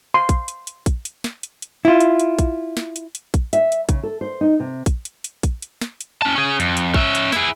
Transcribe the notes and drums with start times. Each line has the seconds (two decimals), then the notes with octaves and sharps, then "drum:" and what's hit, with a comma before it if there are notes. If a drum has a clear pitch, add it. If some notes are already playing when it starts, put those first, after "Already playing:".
0.14 C6
0.29 drum: kick A#1, hi-hat
0.48 drum: hi-hat
0.67 drum: hi-hat
0.86 drum: kick A#1, hi-hat
1.05 drum: hi-hat
1.24 drum: snare
1.43 drum: hi-hat
1.62 drum: hi-hat
1.85 E4 F4
2.00 drum: hi-hat
2.20 drum: hi-hat
2.39 drum: kick A#1, hi-hat
2.77 drum: snare
2.96 drum: hi-hat
3.15 drum: hi-hat
3.34 drum: kick A#1, hi-hat
3.53 E5, drum: hi-hat
3.72 drum: hi-hat
3.89 C#3, drum: kick A#1, hi-hat
4.03 A4
4.21 C5
4.41 D#4
4.60 C3
4.86 drum: kick A#1, hi-hat
5.05 drum: hi-hat
5.24 drum: hi-hat
5.43 drum: kick A#1, hi-hat
5.62 drum: hi-hat
5.81 drum: snare
6.01 drum: hi-hat
6.22 C#4 A5
6.35 C#4 G#4
6.60 F2, drum: hi-hat
6.77 drum: hi-hat
6.94 C#4 E5, drum: kick A#1
7.15 drum: hi-hat
7.32 E4 G#4, drum: snare